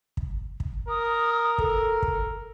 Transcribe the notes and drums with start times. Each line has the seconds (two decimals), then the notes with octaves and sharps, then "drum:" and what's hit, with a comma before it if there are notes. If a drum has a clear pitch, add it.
0.17 drum: kick
0.60 drum: kick
0.88 A#4 D#6
1.58 A4, drum: kick
2.02 drum: kick